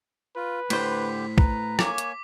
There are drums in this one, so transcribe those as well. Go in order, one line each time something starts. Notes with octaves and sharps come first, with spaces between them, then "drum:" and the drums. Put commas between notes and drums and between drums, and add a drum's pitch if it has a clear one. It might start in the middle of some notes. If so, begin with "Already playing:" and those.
F4 B4
A2 D3 G4 C5 B6, drum: cymbal
B4 A#5, drum: kick
A#3 C#5 G#5 D6, drum: rim click
drum: hi-hat